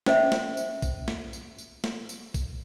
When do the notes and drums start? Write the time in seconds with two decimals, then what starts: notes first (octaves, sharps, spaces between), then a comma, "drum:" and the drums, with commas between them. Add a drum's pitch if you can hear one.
0.06 C#4 C5 E5, drum: snare
0.32 drum: snare
0.57 drum: tambourine
0.82 drum: kick A#1, tambourine
1.08 drum: snare
1.33 drum: tambourine
1.58 drum: tambourine
1.84 drum: snare
2.09 drum: tambourine
2.34 drum: kick A#1, tambourine